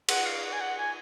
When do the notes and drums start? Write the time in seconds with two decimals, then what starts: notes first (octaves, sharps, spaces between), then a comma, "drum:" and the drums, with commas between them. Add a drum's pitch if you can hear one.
0.09 F#5, drum: cymbal
0.26 F5
0.43 F#5
0.53 G#5
0.61 F#5
0.78 G#5